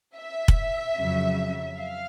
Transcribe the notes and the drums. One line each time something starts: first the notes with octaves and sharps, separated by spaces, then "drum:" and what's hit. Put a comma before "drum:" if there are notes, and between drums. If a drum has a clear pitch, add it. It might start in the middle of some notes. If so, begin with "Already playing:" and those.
E5
drum: kick
F2 C#3 F#3
F5